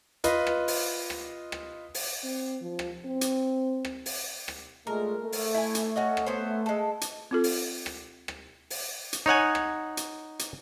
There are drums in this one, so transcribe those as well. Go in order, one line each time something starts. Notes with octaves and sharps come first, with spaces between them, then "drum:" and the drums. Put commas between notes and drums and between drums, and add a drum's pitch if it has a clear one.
F4 B4 D#5, drum: hi-hat
drum: rim click
drum: open hi-hat
drum: rim click
drum: rim click
drum: open hi-hat
C4
F3
drum: rim click
C4
drum: hi-hat
drum: rim click
drum: open hi-hat
drum: rim click
A#2 G#3 A3 A#4
A3
drum: open hi-hat
E4 G#5
drum: hi-hat
C#4 F#4 D#5
drum: rim click
B3 C#4 C5
G#3 A4
drum: hi-hat
C4 F4 A4
drum: open hi-hat
drum: rim click
drum: rim click
drum: open hi-hat
drum: hi-hat
D#4 C#5 F#5 G#5
drum: rim click
drum: hi-hat
drum: hi-hat